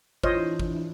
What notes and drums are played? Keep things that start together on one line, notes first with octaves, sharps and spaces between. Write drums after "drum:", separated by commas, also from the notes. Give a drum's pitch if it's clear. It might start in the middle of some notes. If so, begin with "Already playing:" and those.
E3 D4 E4 F4 C5 C#5 D#5, drum: kick G#1
drum: kick G#1